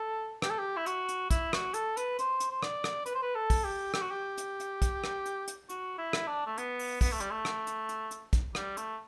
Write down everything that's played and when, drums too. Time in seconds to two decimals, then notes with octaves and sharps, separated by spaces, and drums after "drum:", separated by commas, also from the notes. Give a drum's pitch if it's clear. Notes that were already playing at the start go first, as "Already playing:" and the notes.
Already playing: A4
0.42 G4, drum: rim click
0.50 A4
0.59 G4
0.77 E4
0.86 F#4, drum: hi-hat
1.09 drum: hi-hat
1.31 E4, drum: kick, hi-hat
1.53 F#4, drum: rim click
1.74 A4, drum: hi-hat
1.97 B4, drum: hi-hat
2.19 C5, drum: hi-hat
2.40 drum: hi-hat
2.51 C5
2.63 D5, drum: rim click
2.84 drum: rim click
3.06 B4, drum: hi-hat
3.15 C5
3.22 B4
3.35 A4
3.50 drum: kick, open hi-hat
3.65 G4
3.94 G4, drum: rim click
4.02 F#4
4.11 G4
4.38 drum: hi-hat
4.60 drum: hi-hat
4.82 drum: kick, hi-hat
5.04 drum: rim click
5.26 drum: hi-hat
5.48 drum: hi-hat
5.69 F#4, drum: hi-hat
5.98 E4
6.13 drum: rim click
6.27 D4
6.46 A3
6.58 B3, drum: hi-hat
6.79 drum: open hi-hat
7.01 B3, drum: kick, open hi-hat
7.12 A3
7.20 G3, drum: hi-hat
7.31 A3
7.45 drum: rim click
7.67 drum: hi-hat
7.89 drum: hi-hat
8.11 drum: hi-hat
8.33 drum: kick, hi-hat
8.55 G3, drum: rim click
8.77 A3, drum: hi-hat